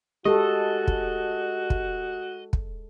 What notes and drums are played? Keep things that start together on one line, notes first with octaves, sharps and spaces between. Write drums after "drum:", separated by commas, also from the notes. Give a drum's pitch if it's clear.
G#3 F#4 G4 A4 D#5
drum: kick
drum: kick
drum: kick